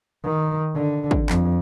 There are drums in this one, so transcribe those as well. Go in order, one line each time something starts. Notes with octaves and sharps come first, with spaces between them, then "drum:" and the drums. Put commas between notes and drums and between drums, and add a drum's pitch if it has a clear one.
D#3
D3
drum: kick
F2, drum: clap